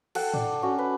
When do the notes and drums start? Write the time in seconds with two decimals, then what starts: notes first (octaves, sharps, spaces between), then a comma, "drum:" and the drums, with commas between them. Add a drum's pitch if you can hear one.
0.15 A4 F#5 G5 A5, drum: cymbal
0.34 D4, drum: tom
0.62 C#4 F#4
0.78 B4